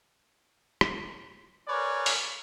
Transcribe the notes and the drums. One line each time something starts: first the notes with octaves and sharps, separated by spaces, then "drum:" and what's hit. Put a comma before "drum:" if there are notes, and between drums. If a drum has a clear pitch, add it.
drum: rim click
G#4 A#4 B4 C#5 D5
drum: open hi-hat